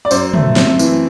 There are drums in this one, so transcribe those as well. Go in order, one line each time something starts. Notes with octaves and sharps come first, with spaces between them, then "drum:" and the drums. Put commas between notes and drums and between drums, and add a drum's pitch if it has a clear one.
D5
F#2 C5, drum: tambourine
A3, drum: tom
C4, drum: snare
E3, drum: tambourine